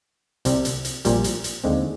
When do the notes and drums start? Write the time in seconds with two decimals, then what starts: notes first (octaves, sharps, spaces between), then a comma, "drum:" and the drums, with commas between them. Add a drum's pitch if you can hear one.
0.45 C2 C3 G3, drum: hi-hat
0.65 drum: hi-hat
0.85 drum: hi-hat
1.05 A#1 A#2 G3, drum: hi-hat
1.24 drum: hi-hat
1.44 drum: hi-hat
1.64 D#2 D3 G#3 C4